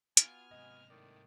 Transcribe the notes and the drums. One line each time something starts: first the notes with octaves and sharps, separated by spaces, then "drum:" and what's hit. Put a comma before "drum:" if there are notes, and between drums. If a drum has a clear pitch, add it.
B3 F4 F#4 G#5 F6, drum: hi-hat
G#2 C3 D#5
A2 D#3 D5